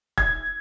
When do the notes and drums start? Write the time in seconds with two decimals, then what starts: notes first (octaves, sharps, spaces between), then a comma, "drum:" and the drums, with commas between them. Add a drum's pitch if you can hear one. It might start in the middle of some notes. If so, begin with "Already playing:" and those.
0.18 G#6, drum: kick